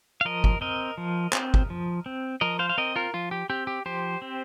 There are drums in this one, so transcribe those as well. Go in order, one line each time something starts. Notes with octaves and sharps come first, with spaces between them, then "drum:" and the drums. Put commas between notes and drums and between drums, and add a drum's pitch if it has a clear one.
F5
F3 A#4 D#5
drum: kick G1
C4 A#4 D#5
F3
C4, drum: clap
drum: kick G1
F3
C4
F3 A#4 D#5
C5 F5
F5
C4 A#4 D#5
F4 A#4
F3 F4
G4
C4 G4
G4
F3 G4 C5
C4